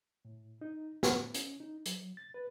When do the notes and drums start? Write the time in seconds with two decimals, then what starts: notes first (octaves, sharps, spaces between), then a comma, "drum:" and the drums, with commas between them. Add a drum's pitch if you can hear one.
0.25 A2
0.61 D#4
1.03 A2, drum: snare
1.34 C#4, drum: hi-hat
1.60 D#4
1.86 F#3, drum: hi-hat
2.17 A6
2.34 B4